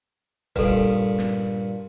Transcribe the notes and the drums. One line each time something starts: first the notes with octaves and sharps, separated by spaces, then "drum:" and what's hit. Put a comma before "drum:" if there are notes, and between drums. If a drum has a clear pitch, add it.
G2 A#2 A4 B4, drum: kick D#1, hi-hat
drum: snare